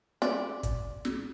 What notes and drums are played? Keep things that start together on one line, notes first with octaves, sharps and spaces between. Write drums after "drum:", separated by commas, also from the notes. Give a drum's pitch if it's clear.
D5, drum: snare
drum: kick, hi-hat
drum: snare